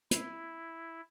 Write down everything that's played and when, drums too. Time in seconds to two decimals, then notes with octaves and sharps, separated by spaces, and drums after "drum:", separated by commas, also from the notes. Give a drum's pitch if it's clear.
0.11 E4, drum: hi-hat